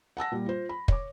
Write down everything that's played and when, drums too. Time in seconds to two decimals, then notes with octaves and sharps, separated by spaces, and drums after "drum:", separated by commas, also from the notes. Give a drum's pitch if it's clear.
0.17 F#5 A5 E6 A#6
0.31 A#2 G3
0.46 F4 C5
0.69 B5
0.88 C#5 D6, drum: kick